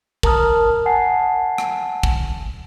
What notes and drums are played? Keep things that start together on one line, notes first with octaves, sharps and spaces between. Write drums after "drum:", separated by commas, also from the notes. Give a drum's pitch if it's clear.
A#4 A5 A#5 D#6 F6, drum: kick
F#5 G#5 A5 C7
drum: rim click
drum: kick